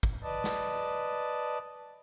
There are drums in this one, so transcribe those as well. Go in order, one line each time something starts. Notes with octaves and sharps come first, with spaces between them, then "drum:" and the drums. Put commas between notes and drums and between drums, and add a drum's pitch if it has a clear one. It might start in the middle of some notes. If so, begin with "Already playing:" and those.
drum: kick
B4 D5 D#5 A5
drum: snare